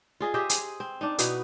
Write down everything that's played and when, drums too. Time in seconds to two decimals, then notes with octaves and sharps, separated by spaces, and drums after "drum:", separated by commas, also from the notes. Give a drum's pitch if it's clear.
0.20 F4 G#4 D#5
0.34 G4 C5 D#5 E5
0.49 G#4, drum: hi-hat
0.80 C4
1.01 D4 D#4
1.18 B2 B3 D#4 E4, drum: hi-hat